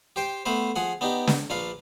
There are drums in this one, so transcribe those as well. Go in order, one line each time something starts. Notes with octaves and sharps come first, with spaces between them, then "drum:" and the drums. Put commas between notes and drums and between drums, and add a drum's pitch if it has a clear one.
G4 C5 G5
A3 B3 B4 C5
F3 G#4 F#5
B3 D4 D#4 G4
drum: snare
A#1 D4 B4 F5